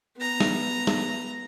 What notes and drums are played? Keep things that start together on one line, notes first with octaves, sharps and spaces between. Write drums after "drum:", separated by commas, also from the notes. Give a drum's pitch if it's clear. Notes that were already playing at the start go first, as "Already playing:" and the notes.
B3 A#5
drum: snare
drum: snare